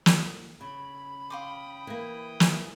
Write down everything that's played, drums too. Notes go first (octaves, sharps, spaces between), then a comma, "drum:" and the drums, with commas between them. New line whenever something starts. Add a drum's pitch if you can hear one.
drum: snare
C#3 B5
F5 G5 C6 D6 D#6
E3 A#3
A#4 G#5, drum: snare